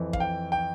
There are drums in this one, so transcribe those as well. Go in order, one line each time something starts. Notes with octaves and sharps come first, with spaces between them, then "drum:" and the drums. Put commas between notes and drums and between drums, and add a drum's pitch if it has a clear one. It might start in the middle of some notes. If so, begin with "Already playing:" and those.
Already playing: F2 E3
F5, drum: kick
G5
G5